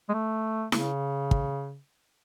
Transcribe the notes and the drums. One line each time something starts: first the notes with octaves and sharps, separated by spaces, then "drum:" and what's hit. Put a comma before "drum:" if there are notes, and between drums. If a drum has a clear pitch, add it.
G#3
A3
C#3, drum: snare E4
drum: kick